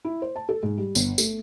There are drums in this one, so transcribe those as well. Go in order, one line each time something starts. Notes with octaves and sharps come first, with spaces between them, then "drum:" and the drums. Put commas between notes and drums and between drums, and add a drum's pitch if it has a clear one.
E4
C5
A5
A4
G#2
G3
G1, drum: tambourine
A3, drum: tambourine